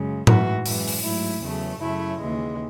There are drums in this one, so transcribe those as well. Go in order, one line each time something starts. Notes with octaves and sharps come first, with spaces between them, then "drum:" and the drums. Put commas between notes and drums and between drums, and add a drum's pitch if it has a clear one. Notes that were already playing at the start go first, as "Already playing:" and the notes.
Already playing: F#2 C#3 G#3
G#2 E3 A3 F#4, drum: tom A2
F#2 E3 G#3, drum: open hi-hat
drum: open hi-hat
G#2 F#3 A3 E4
E2 C#3 F#3 A3
F#2 C#3 F#3 A3 E4
D#2 C#3 E3 G#3